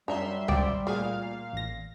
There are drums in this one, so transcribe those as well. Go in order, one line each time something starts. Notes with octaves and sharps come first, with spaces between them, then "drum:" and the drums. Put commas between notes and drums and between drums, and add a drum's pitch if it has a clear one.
F#2 G3 D4 C#5 E5 A#5 C6
G#1 C5 D5 G5, drum: tom C#2
A#2 A3 G#4 F5
A1 A#6